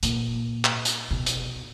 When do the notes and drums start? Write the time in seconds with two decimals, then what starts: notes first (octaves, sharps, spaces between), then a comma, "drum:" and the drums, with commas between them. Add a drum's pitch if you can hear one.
0.03 A#2, drum: hi-hat
0.65 drum: clap
0.85 drum: hi-hat
1.11 B2
1.26 drum: hi-hat